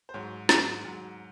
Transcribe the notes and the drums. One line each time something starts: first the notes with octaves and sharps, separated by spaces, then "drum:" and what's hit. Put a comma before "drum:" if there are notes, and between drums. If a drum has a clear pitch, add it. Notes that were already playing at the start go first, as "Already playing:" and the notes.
C5
G#2 F#3 C#5
G#2 F#3, drum: snare
G#2 F#3